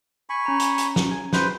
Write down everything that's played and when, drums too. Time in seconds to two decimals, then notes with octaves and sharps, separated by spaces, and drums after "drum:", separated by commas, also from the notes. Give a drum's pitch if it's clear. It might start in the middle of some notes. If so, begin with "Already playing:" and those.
0.30 G#5 B5 C#6
0.46 C#4 A#5
0.60 drum: hi-hat
0.78 drum: hi-hat
0.96 drum: snare
1.11 G#5
1.33 B4 C5, drum: snare